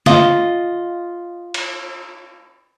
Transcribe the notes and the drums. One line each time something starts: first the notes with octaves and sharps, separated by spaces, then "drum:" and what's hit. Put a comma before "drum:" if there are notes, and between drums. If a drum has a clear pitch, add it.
F4 D#5, drum: snare
drum: cymbal